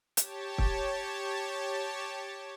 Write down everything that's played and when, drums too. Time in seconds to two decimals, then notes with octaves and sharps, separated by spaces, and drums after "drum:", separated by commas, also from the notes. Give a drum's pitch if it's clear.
0.17 G4 C#5 A5, drum: hi-hat
0.58 drum: kick